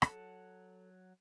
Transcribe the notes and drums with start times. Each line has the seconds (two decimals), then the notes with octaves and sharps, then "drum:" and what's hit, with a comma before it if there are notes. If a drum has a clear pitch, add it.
0.02 F#3 A4 F#5 A5, drum: rim click